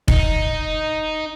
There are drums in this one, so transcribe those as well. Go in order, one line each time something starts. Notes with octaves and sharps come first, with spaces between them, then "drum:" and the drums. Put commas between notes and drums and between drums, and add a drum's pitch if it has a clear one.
D#4, drum: kick